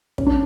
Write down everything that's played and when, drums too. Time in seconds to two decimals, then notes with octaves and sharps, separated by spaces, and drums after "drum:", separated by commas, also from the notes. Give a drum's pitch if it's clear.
0.18 C#4, drum: kick
0.27 D4